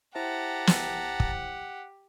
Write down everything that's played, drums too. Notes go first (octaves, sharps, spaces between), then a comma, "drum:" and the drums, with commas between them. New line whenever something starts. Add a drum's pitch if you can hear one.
E4 G4 C5 E5 F#5 A5 A#5
drum: snare
drum: kick